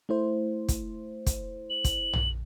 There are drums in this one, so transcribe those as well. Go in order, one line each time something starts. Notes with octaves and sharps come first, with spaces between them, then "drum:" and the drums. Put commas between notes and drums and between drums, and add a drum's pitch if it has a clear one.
A3 E4 C5
drum: kick, hi-hat
drum: kick, hi-hat
F#7
drum: kick, hi-hat
drum: tom A#1